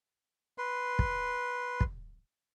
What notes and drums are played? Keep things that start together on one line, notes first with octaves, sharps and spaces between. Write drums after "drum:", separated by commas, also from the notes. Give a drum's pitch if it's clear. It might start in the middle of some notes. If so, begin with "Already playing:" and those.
B4 C6
drum: kick
drum: kick